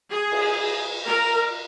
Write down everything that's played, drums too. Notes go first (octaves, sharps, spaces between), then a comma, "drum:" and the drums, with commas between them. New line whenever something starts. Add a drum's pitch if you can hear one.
G#4
drum: cymbal
A#4